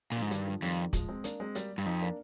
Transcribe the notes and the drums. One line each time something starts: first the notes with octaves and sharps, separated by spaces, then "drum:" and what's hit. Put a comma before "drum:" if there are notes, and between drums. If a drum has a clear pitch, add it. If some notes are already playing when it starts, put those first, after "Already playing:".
A#2 D3 F3
G#2
G2 D#3 G3, drum: hi-hat
D3 F3
F2 D#3 G3
F3 G#3, drum: kick, hi-hat
G#3 C4
A#3 D4, drum: hi-hat
G#3 C4
G3 A#3, drum: hi-hat
G2
F2 C4 D#4
A#3 D4